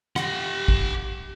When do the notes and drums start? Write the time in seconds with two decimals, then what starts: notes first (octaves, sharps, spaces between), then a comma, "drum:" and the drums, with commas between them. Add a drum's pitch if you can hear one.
0.16 G4 F#5, drum: rim click
0.68 drum: kick